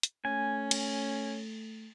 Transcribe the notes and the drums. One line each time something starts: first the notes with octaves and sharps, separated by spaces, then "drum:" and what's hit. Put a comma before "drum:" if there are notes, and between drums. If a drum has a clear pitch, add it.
drum: hi-hat
A3 C#4 G#5
drum: cymbal